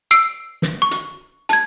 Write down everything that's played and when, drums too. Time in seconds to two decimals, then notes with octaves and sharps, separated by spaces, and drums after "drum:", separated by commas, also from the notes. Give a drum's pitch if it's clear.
0.11 E6 C7 D7
0.62 drum: snare
0.82 C#6
0.91 drum: hi-hat
1.49 A5 G#6, drum: hi-hat